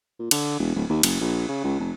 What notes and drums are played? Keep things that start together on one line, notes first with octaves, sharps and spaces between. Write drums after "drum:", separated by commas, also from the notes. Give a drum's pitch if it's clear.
A#2
D3, drum: cymbal
E1
D1
D#2
F#1, drum: cymbal
A#1
C#3
C#2
F1